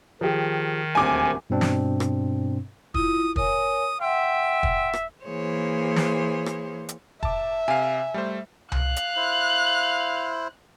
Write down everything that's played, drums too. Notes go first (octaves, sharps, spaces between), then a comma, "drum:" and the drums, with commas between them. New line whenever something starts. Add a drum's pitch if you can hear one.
D#3 F3 G4 G#4
D#1 D2 C4 G#5 D6
G2 B2 C4 D4
drum: snare
drum: rim click
E4 F4 D#6, drum: kick
A#4 C#5 G#5 D#6, drum: kick
E5 F#5 G5 C6
drum: kick
drum: rim click
E3 A#3 G#4 C5 C#5
drum: snare
drum: rim click
drum: hi-hat
E5 A5 D6, drum: kick
C3 F5 G#5
G3 A3 C5
F5 F#6, drum: tom C2
drum: hi-hat
E4 C5